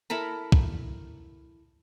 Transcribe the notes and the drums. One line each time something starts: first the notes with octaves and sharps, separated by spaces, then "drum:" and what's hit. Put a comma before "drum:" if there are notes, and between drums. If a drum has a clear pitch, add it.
E4 A4 A#4 B5
drum: kick